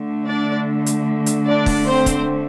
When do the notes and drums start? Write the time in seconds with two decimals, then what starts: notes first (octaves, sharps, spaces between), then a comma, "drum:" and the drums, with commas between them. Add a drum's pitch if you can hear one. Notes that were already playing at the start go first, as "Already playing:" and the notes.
Already playing: D3 A3
0.26 D4 D5
0.86 drum: hi-hat
1.26 drum: hi-hat
1.46 D4 D5
1.66 drum: kick, open hi-hat
1.86 C4 C5
2.06 drum: kick, hi-hat